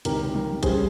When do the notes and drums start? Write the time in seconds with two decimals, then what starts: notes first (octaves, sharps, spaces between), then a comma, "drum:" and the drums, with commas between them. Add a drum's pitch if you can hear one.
0.05 C#2 C3 D#3 G4 A#4, drum: hi-hat
0.34 drum: tom
0.63 G2 G3 C#4 G#4 C5, drum: kick A#1, hi-hat